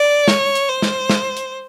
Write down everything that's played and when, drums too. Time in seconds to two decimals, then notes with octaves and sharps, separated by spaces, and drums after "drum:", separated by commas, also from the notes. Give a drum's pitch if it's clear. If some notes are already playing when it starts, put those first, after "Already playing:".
Already playing: D5
0.28 C#5, drum: snare
0.55 drum: hi-hat
0.69 C5
0.82 drum: snare
1.09 drum: snare
1.37 drum: hi-hat